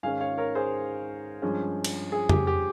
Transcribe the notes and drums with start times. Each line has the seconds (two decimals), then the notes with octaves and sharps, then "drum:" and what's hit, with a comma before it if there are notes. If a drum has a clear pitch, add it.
0.03 G#2 D#3 G#3 C#4 F5 G#5
0.20 C#5 F5
0.38 A#4 C#5
0.55 G#4 C5
1.42 G2 F3 G#3 C#4
1.84 drum: cymbal
2.12 G#4
2.29 G4, drum: tom
2.47 G4